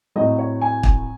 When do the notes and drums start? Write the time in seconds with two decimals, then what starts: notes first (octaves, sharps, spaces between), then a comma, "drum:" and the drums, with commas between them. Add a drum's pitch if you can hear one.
0.16 A2 F#3 C4 D#5
0.39 C#5
0.62 G#5
0.83 drum: kick